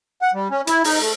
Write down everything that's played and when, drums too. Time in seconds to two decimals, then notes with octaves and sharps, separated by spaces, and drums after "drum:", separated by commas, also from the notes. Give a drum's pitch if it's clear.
0.22 F#5
0.34 G3
0.51 C#4
0.67 E4, drum: hi-hat
0.84 D#4, drum: open hi-hat
1.00 A3